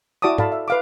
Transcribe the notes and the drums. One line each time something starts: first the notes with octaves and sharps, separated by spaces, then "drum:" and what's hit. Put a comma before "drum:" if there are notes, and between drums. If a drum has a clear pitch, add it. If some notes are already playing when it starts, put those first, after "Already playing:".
E4 F#4 D5 A5 D6 D#6
A4 D5 F5 A5 B5, drum: tom
E5
B4 F5 D6